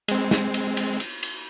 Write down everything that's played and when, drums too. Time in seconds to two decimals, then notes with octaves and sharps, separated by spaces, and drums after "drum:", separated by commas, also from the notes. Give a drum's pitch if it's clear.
0.08 G#3 C4, drum: cymbal
0.31 drum: snare
0.54 drum: cymbal
0.77 drum: cymbal
1.00 drum: cymbal
1.23 drum: cymbal